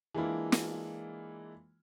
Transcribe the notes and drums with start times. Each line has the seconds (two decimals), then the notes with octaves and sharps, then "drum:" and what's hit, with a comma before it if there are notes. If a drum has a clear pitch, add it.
0.14 E3 G#3 A#3 D4 E4 F4
0.52 drum: snare